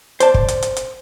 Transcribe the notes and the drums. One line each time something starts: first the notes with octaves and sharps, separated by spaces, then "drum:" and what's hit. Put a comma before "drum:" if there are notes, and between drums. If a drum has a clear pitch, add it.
C5 D5 A5, drum: hi-hat
drum: kick
drum: hi-hat
drum: hi-hat
drum: hi-hat